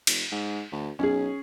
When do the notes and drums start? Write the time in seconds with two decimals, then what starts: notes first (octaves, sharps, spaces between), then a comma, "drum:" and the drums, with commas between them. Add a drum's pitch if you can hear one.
0.07 F1, drum: cymbal
0.32 G#2
0.72 D2
0.99 B1 C#4 G#4